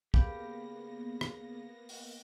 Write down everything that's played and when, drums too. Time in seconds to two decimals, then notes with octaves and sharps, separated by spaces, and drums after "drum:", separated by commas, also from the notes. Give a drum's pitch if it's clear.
0.14 C#3 A#3 B3 G4 F5 B5 A#6, drum: kick
1.21 drum: rim click
1.89 drum: open hi-hat